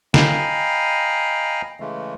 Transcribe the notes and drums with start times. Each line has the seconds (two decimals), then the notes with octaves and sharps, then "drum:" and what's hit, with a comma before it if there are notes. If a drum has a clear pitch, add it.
0.14 D#5 F5 G5 G#5 A#5 B5, drum: snare
1.80 C#3 E3 G#3 A3